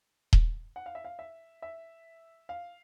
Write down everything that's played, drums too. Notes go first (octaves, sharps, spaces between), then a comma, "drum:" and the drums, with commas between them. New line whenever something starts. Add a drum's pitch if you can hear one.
drum: kick D#1
F#5
F5
E5
F5
E5
E5
F5